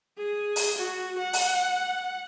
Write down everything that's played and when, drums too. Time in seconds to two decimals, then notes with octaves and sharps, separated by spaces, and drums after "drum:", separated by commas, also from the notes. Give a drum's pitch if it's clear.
0.17 G#4
0.56 drum: open hi-hat
0.77 F#4
1.17 F#5
1.33 drum: open hi-hat